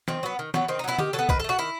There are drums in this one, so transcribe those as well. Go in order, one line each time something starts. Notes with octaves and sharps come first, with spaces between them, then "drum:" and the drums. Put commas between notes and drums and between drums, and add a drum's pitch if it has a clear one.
D#3 C4, drum: snare
F#3 B3
D#3
F#3 B3, drum: snare
D#3 C4
D#4
F#3 B3 E4
D#3 G4, drum: tom D3
F#3 A4
B3
D#3 B4, drum: kick
A4
A3 F#4
D#3 E4